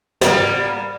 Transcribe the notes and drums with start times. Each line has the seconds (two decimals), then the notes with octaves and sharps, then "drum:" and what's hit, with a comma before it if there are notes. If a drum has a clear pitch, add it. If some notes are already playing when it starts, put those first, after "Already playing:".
0.21 G3 A#3 B3, drum: snare